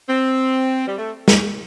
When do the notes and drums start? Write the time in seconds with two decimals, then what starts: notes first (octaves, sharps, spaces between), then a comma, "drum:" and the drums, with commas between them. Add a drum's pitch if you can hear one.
0.09 C4
0.87 G3
0.98 A3
1.28 drum: snare